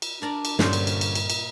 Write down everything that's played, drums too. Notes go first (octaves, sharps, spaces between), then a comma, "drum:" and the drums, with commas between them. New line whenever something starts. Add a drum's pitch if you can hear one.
drum: cymbal
D4 A#4 D5 A#5
drum: cymbal
G2 A#2 D3 G3 C#4 D4 C5 C#5, drum: snare
drum: cymbal
drum: cymbal
drum: cymbal
drum: cymbal
drum: cymbal